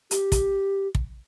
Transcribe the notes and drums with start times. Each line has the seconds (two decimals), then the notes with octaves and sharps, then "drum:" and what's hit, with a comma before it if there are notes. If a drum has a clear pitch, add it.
0.11 G4, drum: hi-hat
0.32 drum: kick, hi-hat
0.95 drum: kick